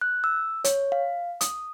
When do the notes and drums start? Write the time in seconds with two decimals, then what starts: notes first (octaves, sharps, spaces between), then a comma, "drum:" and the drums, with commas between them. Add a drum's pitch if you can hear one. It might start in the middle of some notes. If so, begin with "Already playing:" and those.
0.01 F#6
0.24 E6
0.64 C#5, drum: hi-hat
0.92 F5
1.41 D#6, drum: hi-hat